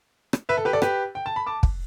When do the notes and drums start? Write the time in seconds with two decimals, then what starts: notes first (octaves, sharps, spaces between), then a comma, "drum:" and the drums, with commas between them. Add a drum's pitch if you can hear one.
0.33 drum: rim click
0.49 B4 E5
0.57 A4
0.65 G4 B4
0.73 A4 D5
0.82 G4 B4, drum: rim click
1.15 G5
1.26 A5
1.36 B5
1.46 A5 D6
1.63 drum: kick